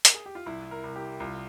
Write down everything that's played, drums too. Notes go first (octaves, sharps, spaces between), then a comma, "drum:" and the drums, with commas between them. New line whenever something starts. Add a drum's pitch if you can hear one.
A#4, drum: hi-hat
G#4
G4
F4
C2 E4
A#4
C2
G4
C2 F4